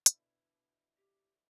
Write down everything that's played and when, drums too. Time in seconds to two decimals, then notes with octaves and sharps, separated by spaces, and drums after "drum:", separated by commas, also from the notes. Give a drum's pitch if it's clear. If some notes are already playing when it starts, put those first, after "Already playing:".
0.06 B2 D3 E4, drum: hi-hat
0.97 G4